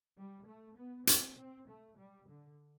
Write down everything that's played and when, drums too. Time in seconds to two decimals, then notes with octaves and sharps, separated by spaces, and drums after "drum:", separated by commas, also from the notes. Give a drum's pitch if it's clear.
0.17 G3
0.47 A3
0.77 B3
1.07 C4, drum: hi-hat
1.38 C4
1.68 A3
1.98 G3
2.28 D3